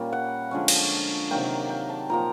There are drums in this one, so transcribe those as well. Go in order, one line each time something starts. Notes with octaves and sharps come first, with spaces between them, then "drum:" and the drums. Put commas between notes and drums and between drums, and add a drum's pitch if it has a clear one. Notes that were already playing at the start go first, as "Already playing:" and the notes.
Already playing: A#2 G3 A#3 C#4
F#5
D3 F3 G#3 C#4
drum: cymbal
C3 D#3 F#3 A#3 G5
G5
A5
A#2 F3 A#3 A#5